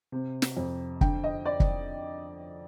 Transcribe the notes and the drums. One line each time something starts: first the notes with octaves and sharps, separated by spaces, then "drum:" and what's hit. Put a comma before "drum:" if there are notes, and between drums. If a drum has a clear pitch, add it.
C3
drum: snare
F2
D3 G5, drum: kick
D#5
D5
drum: kick